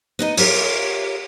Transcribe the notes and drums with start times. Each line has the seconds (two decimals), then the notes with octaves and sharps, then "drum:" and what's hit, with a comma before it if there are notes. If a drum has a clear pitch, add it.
0.19 B3 D#4 D#5
0.37 F4 G4 A#4 C#5, drum: open hi-hat